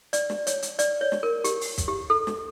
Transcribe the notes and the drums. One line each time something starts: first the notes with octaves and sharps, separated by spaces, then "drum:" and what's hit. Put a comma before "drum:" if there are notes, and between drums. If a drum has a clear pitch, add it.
D5, drum: hi-hat
drum: snare
C#5, drum: hi-hat
drum: hi-hat
D5, drum: hi-hat
C#5
drum: snare
A#4
G4, drum: hi-hat
drum: open hi-hat
drum: kick, hi-hat
G4
A4
drum: snare